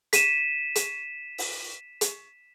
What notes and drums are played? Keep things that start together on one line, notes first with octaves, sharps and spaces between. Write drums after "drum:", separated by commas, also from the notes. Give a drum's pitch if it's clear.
B6 D#7 E7, drum: hi-hat
drum: hi-hat
drum: open hi-hat
drum: hi-hat